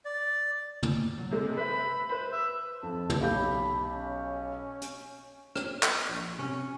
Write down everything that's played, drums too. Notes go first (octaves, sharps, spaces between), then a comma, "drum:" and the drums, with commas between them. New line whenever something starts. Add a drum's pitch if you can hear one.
D5
drum: tom
F#3
C3 G#3 A3
B4 C5 E5 B5
B4 C5
E5
F2 A5
drum: tom
B1 G4 B5 G6
C#4
drum: hi-hat
drum: rim click
drum: clap
A#1
C3 C#4